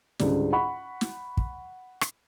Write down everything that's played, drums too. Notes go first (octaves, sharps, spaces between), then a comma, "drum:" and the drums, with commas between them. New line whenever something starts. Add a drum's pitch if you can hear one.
C#2 G#2 D3 G3, drum: snare
F#5 B5 C#6
drum: snare
drum: kick
drum: rim click